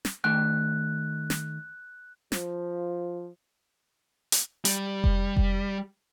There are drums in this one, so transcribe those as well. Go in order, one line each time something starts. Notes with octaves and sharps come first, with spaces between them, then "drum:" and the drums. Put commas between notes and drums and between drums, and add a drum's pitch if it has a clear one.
drum: snare
D#3 A3 G5 F#6
drum: snare
F3, drum: snare
drum: hi-hat
G3, drum: hi-hat
drum: kick F1
drum: kick F1